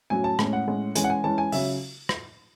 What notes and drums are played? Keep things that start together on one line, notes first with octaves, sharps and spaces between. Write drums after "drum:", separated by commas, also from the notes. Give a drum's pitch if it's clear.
A2 F#3 C#4 G#5
A5
A2 G#3 C#4, drum: rim click
F#5
A2 G#3 C#4
E3 G#3 C#4 G#5, drum: hi-hat
F#5
G#5
E3 G#3 C#4 A5
G#5
C#3 F#3 C#4 E5, drum: open hi-hat
drum: rim click